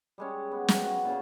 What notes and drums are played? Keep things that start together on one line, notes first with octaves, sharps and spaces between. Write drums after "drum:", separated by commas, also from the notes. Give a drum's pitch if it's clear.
G3 G#3 C#4
B3
drum: snare
F#4
A#2 C#3